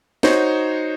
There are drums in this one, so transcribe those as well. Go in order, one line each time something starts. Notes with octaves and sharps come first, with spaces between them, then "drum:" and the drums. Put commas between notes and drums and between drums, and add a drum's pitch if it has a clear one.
D#4 F#4 C5 C#5, drum: snare